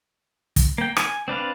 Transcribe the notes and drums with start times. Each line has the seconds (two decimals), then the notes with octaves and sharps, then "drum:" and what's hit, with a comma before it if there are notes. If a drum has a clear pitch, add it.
0.56 drum: kick, hi-hat
0.78 A#3 G5
0.97 G#5, drum: rim click
1.28 C4 D4 B4 F5